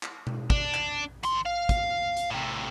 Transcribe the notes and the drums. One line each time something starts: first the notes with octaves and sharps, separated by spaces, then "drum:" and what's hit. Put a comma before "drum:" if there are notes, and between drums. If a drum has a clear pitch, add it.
drum: clap
drum: tom B2
D4, drum: kick
drum: clap
D#3 C6, drum: hi-hat
F5
drum: kick, hi-hat
drum: hi-hat
A2 C3